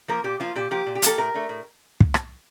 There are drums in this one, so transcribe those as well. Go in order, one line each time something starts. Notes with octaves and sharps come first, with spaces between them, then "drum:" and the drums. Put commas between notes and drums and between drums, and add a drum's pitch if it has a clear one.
F3 A#3 A#4
A#2 G4
F3 A#3 F4
A#2 G4
F3 A#3 G4
A#2
G4
F3 A#3 A4, drum: hi-hat
A2 A#4
A3 D4
A2
drum: kick
drum: rim click